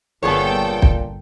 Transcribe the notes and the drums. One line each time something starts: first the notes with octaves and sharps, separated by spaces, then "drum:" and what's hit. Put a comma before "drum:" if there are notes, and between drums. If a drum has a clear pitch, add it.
G1 A#2 B3 G#4 A4 C#5 G5
drum: kick